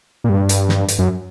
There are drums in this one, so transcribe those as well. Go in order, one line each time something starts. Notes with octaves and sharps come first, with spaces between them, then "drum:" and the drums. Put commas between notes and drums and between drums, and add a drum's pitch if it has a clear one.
A#2
G2
drum: hi-hat
drum: snare
drum: hi-hat
F#2